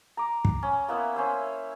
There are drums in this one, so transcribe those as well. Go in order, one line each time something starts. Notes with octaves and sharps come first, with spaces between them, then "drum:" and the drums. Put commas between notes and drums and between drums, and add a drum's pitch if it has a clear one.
A#5 D6
drum: kick
C#4
A#3 B3 E4 E5
C#4 C5 E5